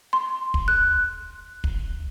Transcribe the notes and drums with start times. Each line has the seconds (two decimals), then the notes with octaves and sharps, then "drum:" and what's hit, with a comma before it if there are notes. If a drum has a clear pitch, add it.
0.13 C6
0.54 drum: kick
0.68 F#6
1.64 drum: kick